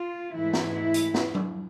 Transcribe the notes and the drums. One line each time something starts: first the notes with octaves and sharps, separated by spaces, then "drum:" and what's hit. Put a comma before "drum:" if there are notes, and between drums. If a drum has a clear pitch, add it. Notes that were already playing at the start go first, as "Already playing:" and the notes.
Already playing: F4
G#2 E3 A3 E4
drum: snare B4
E4
drum: hi-hat
drum: snare B4
drum: tom F#3